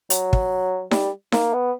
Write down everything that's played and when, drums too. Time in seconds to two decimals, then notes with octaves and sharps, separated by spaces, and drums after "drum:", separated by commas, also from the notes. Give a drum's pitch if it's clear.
0.10 F#3, drum: hi-hat
0.33 drum: kick
0.91 G3, drum: snare D#4
1.32 A#3, drum: snare D#4
1.53 B3